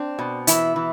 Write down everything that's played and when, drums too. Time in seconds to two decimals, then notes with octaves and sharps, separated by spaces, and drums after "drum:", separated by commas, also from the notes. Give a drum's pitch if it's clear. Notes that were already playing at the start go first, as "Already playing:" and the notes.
Already playing: C4 D4
0.19 B2
0.47 E3 E4, drum: hi-hat
0.76 E3